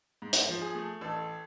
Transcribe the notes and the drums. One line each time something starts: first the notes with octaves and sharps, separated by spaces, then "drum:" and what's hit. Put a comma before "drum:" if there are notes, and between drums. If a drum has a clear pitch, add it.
G#2
drum: hi-hat
F3
G#4
A3
A1 A4